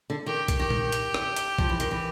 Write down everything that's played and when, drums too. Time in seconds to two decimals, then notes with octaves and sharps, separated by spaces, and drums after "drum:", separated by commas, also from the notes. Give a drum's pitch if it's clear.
0.10 D3
0.26 D#3 G4
0.48 drum: kick, hi-hat
0.59 D#3 G4
0.70 drum: tom A#2
0.92 drum: hi-hat
1.14 drum: rim click
1.36 drum: hi-hat
1.58 F3, drum: kick
1.69 E3
1.80 D#3, drum: hi-hat
1.91 E3